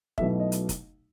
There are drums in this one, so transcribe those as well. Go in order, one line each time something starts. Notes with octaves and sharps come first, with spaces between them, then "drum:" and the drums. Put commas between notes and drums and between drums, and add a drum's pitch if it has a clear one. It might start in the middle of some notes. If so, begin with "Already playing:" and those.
B1 B2 F#3 A3 E4 E5, drum: kick
D#5
drum: hi-hat
drum: kick, hi-hat